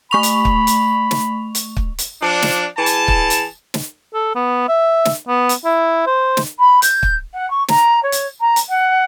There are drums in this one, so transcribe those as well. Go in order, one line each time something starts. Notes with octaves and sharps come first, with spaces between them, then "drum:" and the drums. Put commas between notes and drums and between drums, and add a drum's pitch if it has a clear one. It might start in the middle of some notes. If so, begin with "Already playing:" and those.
A3 B5 C#6 F7
drum: hi-hat
drum: kick
drum: hi-hat
drum: snare
drum: hi-hat
drum: kick
drum: hi-hat
F3 D4
drum: snare
E3 G#4 A5
drum: hi-hat
drum: kick
drum: hi-hat
drum: snare
A4
B3
E5
drum: snare
B3
drum: hi-hat
E4
C5
drum: snare
B5
G6, drum: hi-hat
drum: kick
F#5
C#6
A#5, drum: snare
C#5
drum: hi-hat
A#5
drum: hi-hat
F#5